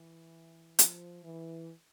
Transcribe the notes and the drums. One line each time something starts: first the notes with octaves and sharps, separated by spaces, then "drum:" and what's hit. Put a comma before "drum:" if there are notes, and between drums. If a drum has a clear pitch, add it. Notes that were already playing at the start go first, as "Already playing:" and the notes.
Already playing: E3
F3, drum: hi-hat
E3